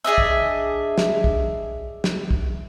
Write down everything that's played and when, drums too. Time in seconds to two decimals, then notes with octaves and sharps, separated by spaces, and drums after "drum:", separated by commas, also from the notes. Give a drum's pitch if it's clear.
0.05 D4 G#4 D#5 E5
0.18 drum: kick
0.98 drum: snare
1.24 drum: kick
2.04 drum: snare
2.31 drum: kick